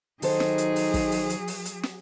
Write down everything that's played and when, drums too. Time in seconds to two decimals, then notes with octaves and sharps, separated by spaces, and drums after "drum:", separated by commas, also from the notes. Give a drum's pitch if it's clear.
0.22 D#3 F#3 D#4 G#4 A4 C5, drum: open hi-hat
0.40 drum: snare
0.58 drum: hi-hat
0.76 drum: open hi-hat
0.94 drum: kick, open hi-hat
1.12 drum: open hi-hat
1.30 drum: hi-hat
1.48 drum: open hi-hat
1.65 drum: hi-hat
1.83 drum: snare